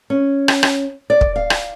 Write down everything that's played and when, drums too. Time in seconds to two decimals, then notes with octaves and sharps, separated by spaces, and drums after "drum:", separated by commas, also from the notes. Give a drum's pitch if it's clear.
0.10 C#4
0.48 drum: rim click
0.63 drum: rim click
1.10 D5
1.21 drum: kick
1.36 F5
1.50 drum: rim click